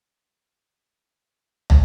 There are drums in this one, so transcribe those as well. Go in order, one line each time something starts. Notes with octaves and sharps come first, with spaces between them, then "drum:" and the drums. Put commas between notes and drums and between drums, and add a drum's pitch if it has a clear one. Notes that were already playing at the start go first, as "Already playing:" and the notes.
E3 F3 A#3 C#4 E5 G#5 C#6
drum: tom